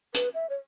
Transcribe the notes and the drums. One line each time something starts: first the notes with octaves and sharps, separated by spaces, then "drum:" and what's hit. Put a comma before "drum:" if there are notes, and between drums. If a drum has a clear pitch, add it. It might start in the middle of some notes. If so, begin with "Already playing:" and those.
B4, drum: hi-hat
E5
C#5